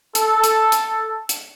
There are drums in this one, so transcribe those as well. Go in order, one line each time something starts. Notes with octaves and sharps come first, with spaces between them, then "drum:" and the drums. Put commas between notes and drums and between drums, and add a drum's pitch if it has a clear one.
A4, drum: hi-hat
drum: hi-hat
drum: hi-hat
drum: hi-hat